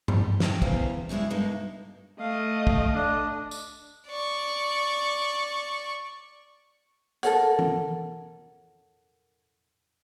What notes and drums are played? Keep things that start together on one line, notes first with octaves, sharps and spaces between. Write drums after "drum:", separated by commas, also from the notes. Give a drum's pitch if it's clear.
G3, drum: tom G2
F2 G5, drum: snare
E2 C#3 G3 G#4 C5 F5, drum: kick
C#3 G3 G#3 E4 G#4
G2 B2 G#3 A#3 D#4
A3 D#5 F5
drum: kick
D4
drum: tambourine
D5 C#6
A4 A#4 C#5 F#5, drum: hi-hat
drum: tom E3